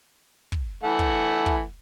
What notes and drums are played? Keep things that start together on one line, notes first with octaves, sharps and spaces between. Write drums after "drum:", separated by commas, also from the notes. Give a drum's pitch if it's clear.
drum: kick
E3 A3 F#5
drum: kick
drum: kick